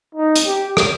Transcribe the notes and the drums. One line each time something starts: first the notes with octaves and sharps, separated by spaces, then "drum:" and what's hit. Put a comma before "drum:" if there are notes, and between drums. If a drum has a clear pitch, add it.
D#4
drum: hi-hat
G4
drum: rim click